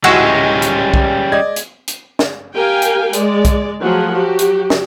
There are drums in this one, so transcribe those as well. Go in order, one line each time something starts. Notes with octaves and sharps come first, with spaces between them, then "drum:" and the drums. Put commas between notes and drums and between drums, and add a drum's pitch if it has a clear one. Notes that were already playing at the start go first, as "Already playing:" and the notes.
D1 G3 G#3 C#4 E4 F#4 E6
drum: hi-hat
drum: kick B1
D5 D#5 G#6
drum: hi-hat
drum: hi-hat
drum: snare
G4 A#4 F5 G5 G#5
drum: hi-hat
G#3 D5, drum: hi-hat
drum: kick B1, hi-hat
F3 F#3 A3 G#4 F#5
F#3 F#4 G4
drum: hi-hat
drum: snare